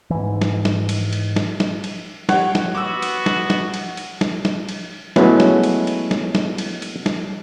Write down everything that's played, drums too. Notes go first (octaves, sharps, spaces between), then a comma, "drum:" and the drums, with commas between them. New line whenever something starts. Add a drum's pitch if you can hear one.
G#2 E3
drum: snare
drum: snare
drum: cymbal
drum: cymbal
drum: snare
drum: snare
drum: cymbal
G4 C#5 F#5, drum: snare
drum: snare
B3 F#4 D6 E6
drum: cymbal
drum: snare
drum: snare
drum: cymbal
drum: cymbal
drum: snare
drum: snare
drum: cymbal
F#3 G#3 A3 B3 C#4 E4, drum: snare
drum: snare
drum: cymbal
drum: cymbal
drum: snare
drum: snare
drum: cymbal
drum: cymbal
drum: snare